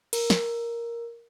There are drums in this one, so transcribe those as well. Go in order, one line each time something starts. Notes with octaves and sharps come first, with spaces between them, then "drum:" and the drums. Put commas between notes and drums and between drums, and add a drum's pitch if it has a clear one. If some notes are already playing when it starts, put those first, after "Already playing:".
A#4, drum: cymbal
drum: snare